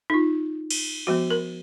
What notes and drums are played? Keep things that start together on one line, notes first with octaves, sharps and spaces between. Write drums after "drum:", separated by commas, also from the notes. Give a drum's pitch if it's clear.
D#4
F4
drum: cymbal
F3 G#3 B3 F#4
A#4